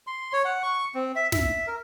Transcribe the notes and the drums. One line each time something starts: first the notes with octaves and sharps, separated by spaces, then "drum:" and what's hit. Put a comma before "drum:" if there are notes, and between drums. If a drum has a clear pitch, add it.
C6
C#5
F#5
C#6
C4
E5
E5, drum: snare
A#4